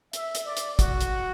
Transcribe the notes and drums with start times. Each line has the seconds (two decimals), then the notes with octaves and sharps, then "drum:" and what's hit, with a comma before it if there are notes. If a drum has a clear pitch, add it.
0.13 E5, drum: hi-hat
0.35 drum: hi-hat
0.45 D5
0.57 drum: hi-hat
0.79 F#4, drum: kick, hi-hat
1.01 drum: hi-hat